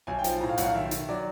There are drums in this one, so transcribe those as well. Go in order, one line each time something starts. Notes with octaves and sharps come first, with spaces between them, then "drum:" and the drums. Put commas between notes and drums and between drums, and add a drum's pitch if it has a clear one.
B1 G#5
G5
F3, drum: hi-hat
A2 A#5
F5
B1 F#5, drum: hi-hat
F5
D#3 E5
D#3, drum: hi-hat
F#3 D5